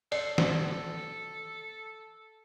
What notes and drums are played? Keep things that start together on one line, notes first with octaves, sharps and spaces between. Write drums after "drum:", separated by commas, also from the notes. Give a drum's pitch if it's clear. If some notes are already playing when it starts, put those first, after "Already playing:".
A4 D5, drum: open hi-hat
drum: snare